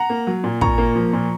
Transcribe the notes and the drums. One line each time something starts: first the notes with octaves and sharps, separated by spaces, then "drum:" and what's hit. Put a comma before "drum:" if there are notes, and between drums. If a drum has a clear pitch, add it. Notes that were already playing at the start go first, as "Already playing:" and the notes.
Already playing: F#5 A#5
A#3
F#3
A#2
A#2 A#5 C#6, drum: kick
A#3
F3
A#2